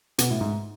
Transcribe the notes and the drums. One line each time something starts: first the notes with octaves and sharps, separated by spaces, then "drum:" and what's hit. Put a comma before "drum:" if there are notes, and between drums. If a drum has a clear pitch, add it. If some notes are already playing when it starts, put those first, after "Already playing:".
B2, drum: hi-hat
A2
G#2